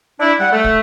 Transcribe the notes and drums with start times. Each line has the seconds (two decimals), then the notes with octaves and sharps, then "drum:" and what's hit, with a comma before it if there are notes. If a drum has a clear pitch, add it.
0.20 D4 E4
0.39 G3 F#5
0.51 A3
0.64 drum: kick